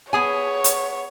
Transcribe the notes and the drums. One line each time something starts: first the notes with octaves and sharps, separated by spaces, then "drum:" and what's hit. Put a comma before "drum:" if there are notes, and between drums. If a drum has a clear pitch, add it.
B3 G#4 C#5 G#5
drum: hi-hat